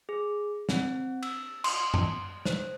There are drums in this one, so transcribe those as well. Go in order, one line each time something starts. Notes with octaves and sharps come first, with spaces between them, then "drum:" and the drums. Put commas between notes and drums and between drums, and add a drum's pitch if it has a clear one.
G#4
C4, drum: snare
E6, drum: cymbal
C6, drum: cymbal
drum: tom F#2
C5, drum: snare